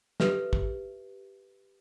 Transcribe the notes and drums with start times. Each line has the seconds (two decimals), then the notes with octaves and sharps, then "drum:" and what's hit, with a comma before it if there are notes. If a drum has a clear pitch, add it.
0.20 G4 A4 B4 E5, drum: snare
0.53 drum: kick